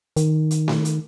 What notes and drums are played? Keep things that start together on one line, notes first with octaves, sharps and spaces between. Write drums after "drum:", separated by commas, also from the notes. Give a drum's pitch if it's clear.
D#3, drum: hi-hat
drum: hi-hat
drum: snare A3
drum: hi-hat